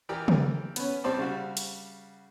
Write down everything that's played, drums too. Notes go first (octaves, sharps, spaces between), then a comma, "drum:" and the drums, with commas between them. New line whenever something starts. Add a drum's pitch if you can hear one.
E3 G4 A#4 D5 G5
drum: tom C#3
B3 C#4, drum: hi-hat
C2 G3 C4 C5 D5 A5
C#3 G3 F#4
drum: hi-hat